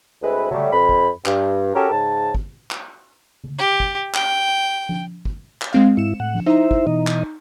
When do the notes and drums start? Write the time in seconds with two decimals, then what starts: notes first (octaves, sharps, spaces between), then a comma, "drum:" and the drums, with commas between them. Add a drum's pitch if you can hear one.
0.22 D2 G#3 C4 E4 B4
0.51 F#3 G3 A3, drum: tom C#3
0.73 F2 B5
0.89 drum: kick
1.25 G2, drum: clap
1.75 C#4 F#4 G4 A4 A#4
1.91 G#2 C#3 A5
2.35 drum: kick
2.71 drum: clap
3.44 drum: tom C#3
3.59 G4
3.80 drum: kick
4.14 G5, drum: clap
4.89 drum: tom F3
5.25 drum: kick
5.62 drum: clap
5.73 G#3 C4 F5
5.97 G#2 E4 C#7 E7
6.20 A2 F#5
6.34 drum: tom F3
6.46 D#4 E4 C5 E5 A#5
6.71 drum: kick
6.87 B2 E3 D#5
7.07 drum: clap